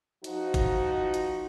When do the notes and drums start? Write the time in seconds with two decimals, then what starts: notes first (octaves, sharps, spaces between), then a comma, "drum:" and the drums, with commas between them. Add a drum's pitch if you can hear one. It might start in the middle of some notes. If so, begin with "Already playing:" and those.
0.24 F3 D#4 F#4, drum: hi-hat
0.54 drum: kick G1, hi-hat
1.14 drum: hi-hat